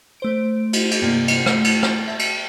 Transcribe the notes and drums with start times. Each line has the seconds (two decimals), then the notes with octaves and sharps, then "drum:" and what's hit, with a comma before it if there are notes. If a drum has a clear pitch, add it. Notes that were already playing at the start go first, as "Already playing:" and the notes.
0.20 A3 C5 D7
0.73 drum: cymbal
0.91 drum: cymbal
1.02 G2 C3 A#3
1.28 drum: cymbal
1.46 A3, drum: rim click
1.64 drum: cymbal
1.83 drum: rim click
2.08 E5 A5
2.19 drum: cymbal